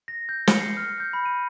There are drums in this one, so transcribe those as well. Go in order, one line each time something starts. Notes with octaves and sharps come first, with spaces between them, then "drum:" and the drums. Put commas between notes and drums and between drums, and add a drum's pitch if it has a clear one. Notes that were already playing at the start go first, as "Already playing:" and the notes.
A#6
G6
C#7, drum: snare
C7
F6
G6
B5
D#7